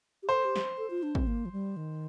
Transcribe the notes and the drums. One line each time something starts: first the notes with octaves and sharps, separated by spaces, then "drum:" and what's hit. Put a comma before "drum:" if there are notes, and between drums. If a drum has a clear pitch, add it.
G4
A4 C5
G4
drum: snare
A4
F4
D4
C4, drum: kick
A#3
F3
G3
D#3